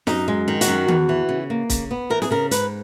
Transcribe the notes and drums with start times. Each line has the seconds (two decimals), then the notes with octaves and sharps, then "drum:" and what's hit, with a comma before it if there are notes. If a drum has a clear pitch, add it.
0.07 F#2 D#4, drum: snare
0.28 G#3
0.48 D#3
0.61 F#4, drum: hi-hat
0.67 F#2
0.88 E2, drum: tom D#3
1.09 E3
1.29 C#3
1.50 A#3
1.70 C#3, drum: kick, hi-hat
1.91 B3
2.10 E3 A#4
2.22 G#4, drum: snare
2.31 C#3 A#4
2.51 G#2 B4, drum: hi-hat